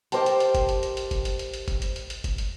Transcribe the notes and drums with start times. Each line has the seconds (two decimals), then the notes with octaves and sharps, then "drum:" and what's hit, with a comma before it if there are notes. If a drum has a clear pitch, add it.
0.12 G4 A#4 C5 D#5 G5 A5, drum: hi-hat
0.26 drum: hi-hat
0.40 drum: hi-hat
0.55 drum: kick F#1, hi-hat
0.69 drum: hi-hat
0.83 drum: hi-hat
0.97 drum: hi-hat
1.11 drum: kick F#1, hi-hat
1.25 drum: hi-hat
1.39 drum: hi-hat
1.54 drum: hi-hat
1.68 drum: kick F#1, hi-hat
1.82 drum: hi-hat
1.96 drum: hi-hat
2.10 drum: hi-hat
2.24 drum: kick F#1, hi-hat
2.38 drum: hi-hat